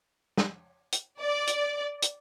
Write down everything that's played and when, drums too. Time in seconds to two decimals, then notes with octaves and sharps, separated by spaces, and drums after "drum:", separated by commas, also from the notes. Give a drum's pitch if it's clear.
0.37 drum: snare
0.92 drum: hi-hat
1.20 D5
1.47 drum: hi-hat
2.02 drum: hi-hat